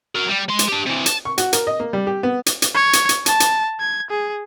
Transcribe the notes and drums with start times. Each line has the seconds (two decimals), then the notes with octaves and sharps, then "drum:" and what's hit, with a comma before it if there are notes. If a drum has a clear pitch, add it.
0.15 F#4 A#4
0.28 G3
0.49 G#3 C6
0.59 drum: hi-hat
0.68 D4 G4
0.86 C3 E3
1.06 A5, drum: hi-hat
1.25 C#6
1.38 F#4, drum: hi-hat
1.53 A#4, drum: hi-hat
1.67 D#5
1.80 A#3
1.93 G3
2.07 G4
2.23 B3
2.46 drum: hi-hat
2.62 drum: hi-hat
2.74 C#5
2.93 drum: hi-hat
3.09 drum: hi-hat
3.26 A5, drum: hi-hat
3.40 drum: hi-hat
3.80 G#6
4.10 G#4